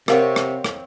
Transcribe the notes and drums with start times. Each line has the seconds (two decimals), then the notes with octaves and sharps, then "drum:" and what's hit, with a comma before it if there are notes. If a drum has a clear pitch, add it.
0.08 C3 C4 A#4 C#5 D#5 F5 F#5, drum: rim click
0.36 drum: rim click
0.64 drum: rim click